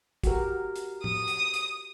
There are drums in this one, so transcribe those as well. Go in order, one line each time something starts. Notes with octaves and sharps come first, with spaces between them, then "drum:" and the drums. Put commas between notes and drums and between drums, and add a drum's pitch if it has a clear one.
F#4 G4 A#4, drum: kick, hi-hat
drum: hi-hat
D#6, drum: tom A2
drum: hi-hat
drum: hi-hat